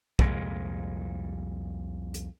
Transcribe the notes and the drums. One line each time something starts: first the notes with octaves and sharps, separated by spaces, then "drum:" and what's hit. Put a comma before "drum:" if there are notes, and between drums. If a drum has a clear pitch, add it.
C2 F2 A#2 G#3, drum: kick
drum: hi-hat